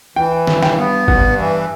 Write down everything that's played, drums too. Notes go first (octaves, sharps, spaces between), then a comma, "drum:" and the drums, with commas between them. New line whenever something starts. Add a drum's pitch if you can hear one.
E3 G5
G2, drum: snare
G5, drum: snare
B3
G2 F#5, drum: kick G1
E3